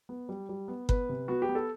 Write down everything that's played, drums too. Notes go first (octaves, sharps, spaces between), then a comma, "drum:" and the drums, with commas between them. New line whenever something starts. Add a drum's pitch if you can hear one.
B3
G3
G3
B3
B3 B4, drum: kick G1
C3
B3 F#4
G4
B3
A4